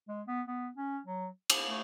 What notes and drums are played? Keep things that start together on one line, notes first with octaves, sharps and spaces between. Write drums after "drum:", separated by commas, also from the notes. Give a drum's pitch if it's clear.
G#3
B3
B3
C#4
F#3
drum: cymbal
A3